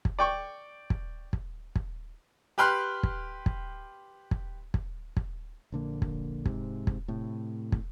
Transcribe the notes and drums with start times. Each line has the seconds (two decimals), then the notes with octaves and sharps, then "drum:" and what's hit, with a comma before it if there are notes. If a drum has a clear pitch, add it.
0.05 drum: kick
0.19 D5 G5 C#6
0.90 drum: kick
1.33 drum: kick
1.76 drum: kick
2.58 G4 B4 G5 C6 F6 F#6
3.03 drum: kick
3.46 drum: kick
4.31 drum: kick
4.74 drum: kick
5.17 drum: kick
5.72 A#1 D3 A#3
6.02 drum: kick
6.46 G#2 C3, drum: kick
6.87 drum: kick
7.08 A2 C3
7.72 drum: kick